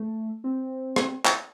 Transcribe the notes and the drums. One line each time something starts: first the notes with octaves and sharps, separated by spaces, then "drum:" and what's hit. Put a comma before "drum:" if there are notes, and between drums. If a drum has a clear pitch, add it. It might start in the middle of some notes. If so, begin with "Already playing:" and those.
Already playing: A3
C4
drum: rim click
drum: clap